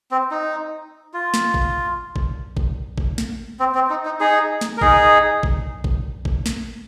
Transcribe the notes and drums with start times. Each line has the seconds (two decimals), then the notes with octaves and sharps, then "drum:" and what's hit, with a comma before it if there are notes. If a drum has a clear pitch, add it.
0.11 C4
0.31 D#4
1.14 F4
1.34 drum: snare
1.54 drum: kick A1
2.16 drum: kick A1
2.57 drum: kick A1
2.98 drum: kick A1
3.18 drum: snare
3.59 C4
3.75 C4
3.90 D#4
4.05 D#4
4.20 D#4 G#4
4.61 drum: snare
4.77 A#4
4.81 D#4 G#4, drum: kick A1
5.43 drum: kick A1
5.84 drum: kick A1
6.25 drum: kick A1
6.46 drum: snare